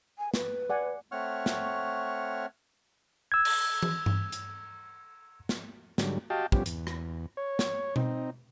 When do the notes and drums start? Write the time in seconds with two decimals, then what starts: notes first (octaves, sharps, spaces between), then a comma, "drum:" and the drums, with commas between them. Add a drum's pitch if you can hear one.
0.19 G#5
0.34 B4, drum: snare
0.70 D5 F#5 G#5
1.12 A3 C4 C#5 F#5 C#6 F6
1.46 drum: snare
3.32 E6 G#6
3.45 drum: cymbal
3.83 drum: tom E3
4.06 drum: tom G2
4.32 drum: hi-hat
5.49 drum: snare
5.98 G#2 D3 F#3 G3, drum: snare
6.30 F#4 G4 D#5 F5 G5 A5
6.52 F3 G3 B3 C#4 G4, drum: kick
6.66 E2, drum: hi-hat
6.87 drum: rim click
7.37 C#5
7.59 drum: snare
7.96 C4 D#4, drum: tom B2